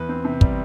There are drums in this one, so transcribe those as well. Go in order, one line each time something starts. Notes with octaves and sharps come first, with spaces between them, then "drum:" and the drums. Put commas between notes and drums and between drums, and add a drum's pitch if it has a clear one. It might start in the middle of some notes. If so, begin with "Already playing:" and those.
Already playing: E2 B4
C4
C3
G3, drum: kick